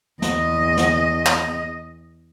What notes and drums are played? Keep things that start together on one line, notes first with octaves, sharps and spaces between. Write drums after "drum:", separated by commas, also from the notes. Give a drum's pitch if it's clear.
E2 D#5, drum: snare
drum: snare
drum: clap